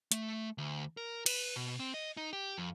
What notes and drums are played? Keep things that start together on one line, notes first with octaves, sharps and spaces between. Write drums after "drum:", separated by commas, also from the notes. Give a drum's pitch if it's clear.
A3, drum: hi-hat
D2
A#4
B4, drum: cymbal
B2
C4
D#5
D#4
G4
F2